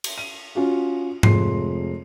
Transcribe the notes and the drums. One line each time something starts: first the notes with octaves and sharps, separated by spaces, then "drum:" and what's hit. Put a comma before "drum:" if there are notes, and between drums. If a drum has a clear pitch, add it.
drum: cymbal
D#7
C#4 F4 F#4
F1 C3 G#3 F4 C6 C7, drum: tom G#2